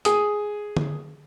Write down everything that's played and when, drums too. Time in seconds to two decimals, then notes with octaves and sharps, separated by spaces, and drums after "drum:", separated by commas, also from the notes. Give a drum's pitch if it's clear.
0.05 G#4 D#6, drum: hi-hat
0.77 drum: tom D3